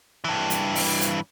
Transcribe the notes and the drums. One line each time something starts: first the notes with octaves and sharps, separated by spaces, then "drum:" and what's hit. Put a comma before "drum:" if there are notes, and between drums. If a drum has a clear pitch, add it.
G2 E3
drum: hi-hat
drum: open hi-hat
drum: hi-hat